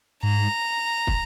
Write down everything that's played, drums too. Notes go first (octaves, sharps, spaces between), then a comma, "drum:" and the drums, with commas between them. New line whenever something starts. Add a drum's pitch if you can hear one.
G#2 A#5
drum: kick